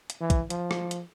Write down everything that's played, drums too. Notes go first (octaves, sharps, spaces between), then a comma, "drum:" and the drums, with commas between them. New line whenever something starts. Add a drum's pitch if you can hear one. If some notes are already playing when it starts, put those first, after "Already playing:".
drum: hi-hat
E3
drum: kick, hi-hat
F3, drum: hi-hat
drum: rim click
drum: hi-hat